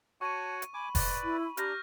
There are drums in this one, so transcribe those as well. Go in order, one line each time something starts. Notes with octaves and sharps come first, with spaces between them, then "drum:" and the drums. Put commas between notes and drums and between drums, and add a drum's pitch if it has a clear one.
F#4 C#5 F#5 A5 C#6 D#7
drum: hi-hat
G#5 B5 D6
B4 D5, drum: kick F1, open hi-hat
E4
D4 G4 A#5 F6 G6 A#6, drum: hi-hat